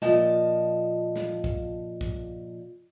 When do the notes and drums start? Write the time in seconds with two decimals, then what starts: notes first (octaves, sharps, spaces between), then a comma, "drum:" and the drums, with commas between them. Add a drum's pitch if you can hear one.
0.02 A#2 F3 D#5 A5, drum: snare
1.16 drum: snare
1.44 drum: kick
2.01 drum: kick